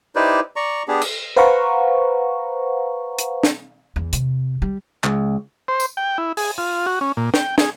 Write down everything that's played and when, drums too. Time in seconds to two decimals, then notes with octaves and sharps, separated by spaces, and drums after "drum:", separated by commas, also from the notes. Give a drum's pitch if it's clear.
0.16 D#4 E4 G4 B4 C5 D5
0.56 D5 A#5 C#6
0.88 B3 D4 G4 G#4
1.01 drum: cymbal
1.36 B4 C5 F5 F#5 A#5 C#6
3.19 drum: hi-hat
3.43 drum: snare
3.96 E2
4.13 C3, drum: hi-hat
4.62 G3
5.04 C#2, drum: clap
5.68 C5
5.80 drum: tambourine
5.97 G5
6.18 E4
6.37 G#4, drum: open hi-hat
6.58 F4
6.86 F#4
7.01 C#4
7.17 A#2
7.34 G5, drum: snare
7.58 G#4, drum: snare